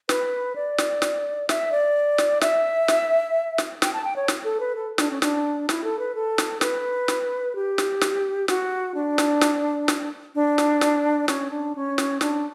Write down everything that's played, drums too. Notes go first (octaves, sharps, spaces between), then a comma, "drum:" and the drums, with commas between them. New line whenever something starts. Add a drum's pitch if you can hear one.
B4, drum: snare
D5
drum: snare
drum: snare
E5, drum: snare
D5
drum: snare
E5, drum: snare
drum: snare
drum: snare
G5, drum: snare
A5
G5
C#5
drum: snare
A4
B4
A4
D4, drum: snare
C#4
D4, drum: snare
E4, drum: snare
A4
B4
A4
drum: snare
B4, drum: snare
drum: snare
G4
drum: snare
drum: snare
F#4, drum: snare
D4
drum: snare
drum: snare
drum: snare
D4
drum: snare
drum: snare
C#4, drum: snare
D4
C#4
drum: snare
D4, drum: snare